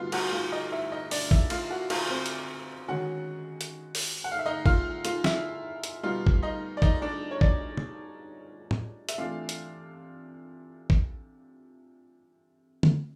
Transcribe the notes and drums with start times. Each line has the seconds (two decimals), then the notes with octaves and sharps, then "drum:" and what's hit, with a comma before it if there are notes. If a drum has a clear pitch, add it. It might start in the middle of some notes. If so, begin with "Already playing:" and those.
Already playing: D3 G3 B3 D#4 F4 F#4 F5
0.12 F#4 F#5, drum: cymbal
0.32 F4 F5
0.52 D#4 D#5
0.72 E4 E5
0.92 D#4 D#5
1.11 D4 D5, drum: open hi-hat
1.31 E4 E5, drum: kick G#1
1.50 F4 F5, drum: cymbal
1.70 F#4 F#5
1.90 F4 F5, drum: cymbal
2.10 C4 C5
2.26 drum: hi-hat
2.88 D#3 G#3 C#4 F#4 F#5
3.61 drum: hi-hat
3.95 drum: open hi-hat
4.24 F#5
4.31 F5
4.39 E5
4.46 D#4 D#5
4.66 F4 F5, drum: kick G#1
5.05 F4 F5, drum: hi-hat
5.24 E4 E5, drum: snare
5.84 drum: hi-hat
6.03 B2 G3 B3 D#4 F4 F5
6.27 drum: kick G#1
6.42 D#4 D#5
6.77 D5
6.82 D#4 D#5, drum: kick G#1
7.02 D4 D5
7.31 C#5
7.41 D4 D5, drum: kick G#1
7.77 drum: tom
8.71 drum: tom
9.09 E5, drum: hi-hat
9.18 C3 E3 A3 D4 F4 F5
9.49 drum: hi-hat
10.90 drum: kick G#1
12.83 drum: tom